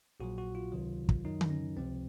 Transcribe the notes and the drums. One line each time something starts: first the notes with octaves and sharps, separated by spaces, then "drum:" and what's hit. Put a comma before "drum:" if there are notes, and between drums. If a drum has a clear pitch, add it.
A#1 A#2 F#3 F#4
F#4
F4
C#2 C3 D#3 F#3
drum: kick
F#2 D#3 F#3 D#4
drum: tom D3
C#4
C#2 C3 F3 C4